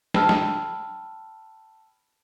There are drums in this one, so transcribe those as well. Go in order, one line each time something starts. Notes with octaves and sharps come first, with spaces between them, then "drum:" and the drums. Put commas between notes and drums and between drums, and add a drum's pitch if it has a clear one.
G5 A5 B5 E6 F6, drum: snare
drum: snare